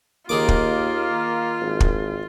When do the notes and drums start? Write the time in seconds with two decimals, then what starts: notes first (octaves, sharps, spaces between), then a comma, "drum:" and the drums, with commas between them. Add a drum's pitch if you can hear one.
0.29 D#2 D#3 A#3 F4 G#4 D6
0.49 drum: kick
1.62 G#1
1.80 drum: kick